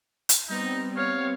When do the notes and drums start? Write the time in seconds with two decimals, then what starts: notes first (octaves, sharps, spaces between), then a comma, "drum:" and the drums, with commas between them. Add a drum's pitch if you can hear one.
0.29 drum: hi-hat
0.49 G3 B3 C4 D#4
0.97 C#5 F5